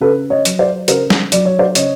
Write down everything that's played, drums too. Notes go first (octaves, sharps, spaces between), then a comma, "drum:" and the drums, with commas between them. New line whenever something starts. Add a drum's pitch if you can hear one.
C#3 A4 B4
C#5 D#5
F#3, drum: hi-hat
C5 D5
C#3 A#4 C5, drum: hi-hat
drum: snare
F#3 D5, drum: hi-hat
C#5
C5 D5
C#3 C#5 D#5, drum: hi-hat